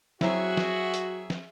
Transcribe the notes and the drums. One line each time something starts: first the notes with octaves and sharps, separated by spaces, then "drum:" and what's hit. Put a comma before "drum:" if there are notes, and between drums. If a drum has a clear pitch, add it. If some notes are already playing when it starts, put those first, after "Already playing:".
F#3 C4 E4 F#4 G#4 E5, drum: snare
drum: snare
drum: hi-hat
drum: snare